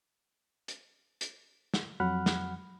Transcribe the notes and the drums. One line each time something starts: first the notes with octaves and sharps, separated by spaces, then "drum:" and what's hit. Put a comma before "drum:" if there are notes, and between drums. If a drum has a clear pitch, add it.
drum: hi-hat
drum: hi-hat
drum: snare
F2 F#3 F#5 B5 F6 F#6
drum: snare